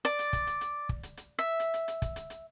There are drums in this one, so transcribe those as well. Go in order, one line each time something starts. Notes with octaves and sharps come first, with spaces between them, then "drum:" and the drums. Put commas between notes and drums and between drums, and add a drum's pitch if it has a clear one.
D5, drum: hi-hat
drum: hi-hat
drum: kick, hi-hat
drum: hi-hat
drum: hi-hat
drum: kick
drum: hi-hat
drum: hi-hat
E5
drum: hi-hat
drum: hi-hat
drum: hi-hat
drum: kick, hi-hat
drum: hi-hat
drum: hi-hat